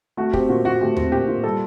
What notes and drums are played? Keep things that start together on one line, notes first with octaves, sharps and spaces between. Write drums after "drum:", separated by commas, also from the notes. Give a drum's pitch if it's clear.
A3 F#4
C4 G4, drum: kick
A#2 F#4
A#2 F#4
A3 G4
C4, drum: tom D#2
A#2 G4
A#2
G3 A4